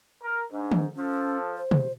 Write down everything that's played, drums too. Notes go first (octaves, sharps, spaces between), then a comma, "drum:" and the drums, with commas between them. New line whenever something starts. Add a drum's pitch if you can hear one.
A#4
G#2 D4
drum: tom
F3 C#4 A4
C5
drum: tom